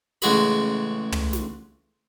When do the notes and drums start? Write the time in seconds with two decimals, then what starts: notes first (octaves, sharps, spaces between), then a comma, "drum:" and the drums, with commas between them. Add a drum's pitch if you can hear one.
0.22 A1 C#3 G#3 F#4 G#4 B5, drum: snare
1.12 drum: tom
1.33 drum: snare